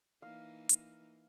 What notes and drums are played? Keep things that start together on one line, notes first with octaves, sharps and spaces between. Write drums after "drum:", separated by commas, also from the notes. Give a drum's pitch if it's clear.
E3 A#3 D#4 F5
drum: hi-hat